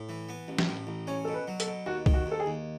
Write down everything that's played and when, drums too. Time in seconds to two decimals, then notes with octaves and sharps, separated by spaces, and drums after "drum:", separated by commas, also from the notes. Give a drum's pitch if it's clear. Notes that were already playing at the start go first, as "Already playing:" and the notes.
Already playing: A2
0.09 E3
0.29 B3
0.48 A1
0.58 drum: snare
0.68 A2
0.87 A1
1.07 C#4 C#5
1.25 B2 A4
1.34 B4
1.48 F#3
1.60 A4, drum: hi-hat
1.67 B2
1.86 D#2 F#4
2.06 D#3, drum: kick C2
2.14 F#4
2.26 D#2
2.31 A4
2.40 G#4
2.46 D#2